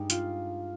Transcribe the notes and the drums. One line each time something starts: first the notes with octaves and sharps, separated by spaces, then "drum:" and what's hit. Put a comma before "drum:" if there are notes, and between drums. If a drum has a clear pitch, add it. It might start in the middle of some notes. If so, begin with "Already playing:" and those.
Already playing: G2 G#3 D#4 G4
F4, drum: hi-hat